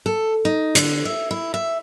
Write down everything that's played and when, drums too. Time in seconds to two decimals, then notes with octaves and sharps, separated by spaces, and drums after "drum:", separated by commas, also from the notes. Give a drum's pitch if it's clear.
0.06 A4
0.45 D#4
0.75 D3, drum: hi-hat
1.05 E5
1.31 E4
1.54 E5